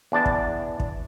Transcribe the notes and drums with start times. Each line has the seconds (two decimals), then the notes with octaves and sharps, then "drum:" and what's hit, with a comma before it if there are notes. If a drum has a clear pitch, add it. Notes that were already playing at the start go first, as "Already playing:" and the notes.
0.12 E2 D4 D5 A5
0.26 drum: kick
0.80 drum: kick